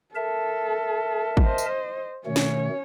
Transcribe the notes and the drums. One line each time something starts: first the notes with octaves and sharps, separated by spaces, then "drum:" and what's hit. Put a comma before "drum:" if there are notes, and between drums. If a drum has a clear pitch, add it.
A4 A#4 E5 A5
C5 D#5, drum: kick
drum: tambourine
B2 D#3 A3 C#4 C#5
drum: snare